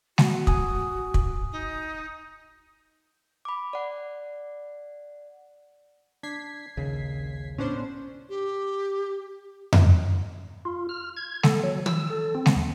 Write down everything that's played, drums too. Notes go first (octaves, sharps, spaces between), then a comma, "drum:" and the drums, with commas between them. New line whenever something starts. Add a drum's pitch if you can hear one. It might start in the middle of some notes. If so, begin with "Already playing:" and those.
F#4, drum: snare G#3
G#5 D#6, drum: kick
drum: kick
D#4
B5 D6
D5 F#5
D4 G#6 B6 C7
A#1 D#2 C#3
A2 B3 C#4 D4 C5
G4
drum: tom F2
F4
F6
G#6
A4, drum: snare G#3
F#3
E6, drum: tom
A4
C4
drum: snare G#3
D#2